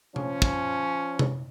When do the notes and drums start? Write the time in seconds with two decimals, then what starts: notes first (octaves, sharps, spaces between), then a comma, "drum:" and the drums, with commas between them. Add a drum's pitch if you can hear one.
0.16 F3 C#4, drum: tom C3
0.42 drum: kick
1.19 drum: tom C3